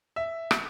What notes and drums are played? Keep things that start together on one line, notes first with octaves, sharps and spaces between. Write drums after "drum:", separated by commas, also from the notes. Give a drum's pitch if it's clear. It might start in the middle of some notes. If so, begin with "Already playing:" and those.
E5
drum: rim click